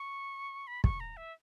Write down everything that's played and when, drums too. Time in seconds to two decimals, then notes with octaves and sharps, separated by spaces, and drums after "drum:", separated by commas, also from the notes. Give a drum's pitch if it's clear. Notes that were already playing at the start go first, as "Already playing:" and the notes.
Already playing: C#6
0.67 B5
0.84 C#6, drum: kick
1.00 A#5
1.17 E5